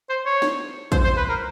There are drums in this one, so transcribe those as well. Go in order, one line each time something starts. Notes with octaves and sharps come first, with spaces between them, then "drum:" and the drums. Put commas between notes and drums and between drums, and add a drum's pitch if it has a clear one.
C5
C#5
drum: snare
C5, drum: kick, hi-hat
C5
B4
A#4